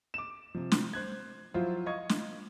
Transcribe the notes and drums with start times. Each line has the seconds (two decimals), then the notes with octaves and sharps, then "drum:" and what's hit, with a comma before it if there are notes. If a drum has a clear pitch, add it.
0.14 D6 E7
0.55 C3 F3
0.72 drum: snare
0.93 C5 F#6 G#6
1.54 F3 F#3 E4 F4 C5
1.86 D#5 F5 C#6 G#6
2.09 drum: snare